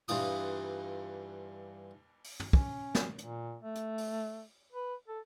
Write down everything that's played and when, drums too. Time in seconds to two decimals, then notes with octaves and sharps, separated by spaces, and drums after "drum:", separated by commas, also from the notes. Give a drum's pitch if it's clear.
0.08 G2 E3 F4 D#6, drum: cymbal
2.24 drum: open hi-hat
2.40 drum: tom
2.53 C#4, drum: kick
2.95 drum: snare
3.18 A#2, drum: hi-hat
3.62 A3
3.75 drum: hi-hat
3.98 drum: open hi-hat
4.72 B4
5.08 A4